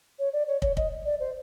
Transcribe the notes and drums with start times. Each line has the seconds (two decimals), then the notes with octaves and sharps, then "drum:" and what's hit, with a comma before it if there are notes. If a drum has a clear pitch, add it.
0.19 C#5
0.33 D5
0.47 C#5
0.62 C#5, drum: kick
0.77 D#5, drum: kick
1.05 D5
1.20 C5